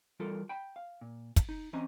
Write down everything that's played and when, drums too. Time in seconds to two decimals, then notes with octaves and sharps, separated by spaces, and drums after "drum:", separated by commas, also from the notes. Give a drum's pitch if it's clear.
0.20 E3 G3 F4 A4 A#4
0.49 G5 B5
0.76 F5
1.01 A#2
1.36 drum: kick, hi-hat
1.49 D#4
1.73 E3 C4 C#4 D#5 A#5